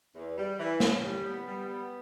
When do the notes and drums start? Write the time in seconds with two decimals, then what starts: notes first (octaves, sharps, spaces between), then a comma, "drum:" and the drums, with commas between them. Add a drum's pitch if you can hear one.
0.15 E2
0.36 G3
0.58 E3
0.80 C#4, drum: snare
1.02 G3
1.24 B3
1.46 G3
1.68 B3